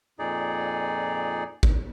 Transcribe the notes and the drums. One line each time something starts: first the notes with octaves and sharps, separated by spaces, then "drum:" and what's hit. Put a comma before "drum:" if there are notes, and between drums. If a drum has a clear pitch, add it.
F2 A#2 D#4 G#4 D5
drum: kick G#1